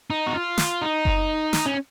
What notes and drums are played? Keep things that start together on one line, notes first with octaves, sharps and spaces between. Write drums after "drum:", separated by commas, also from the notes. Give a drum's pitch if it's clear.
D#4
F#4
F4
drum: snare
D#4
drum: kick F#1
drum: snare
C#4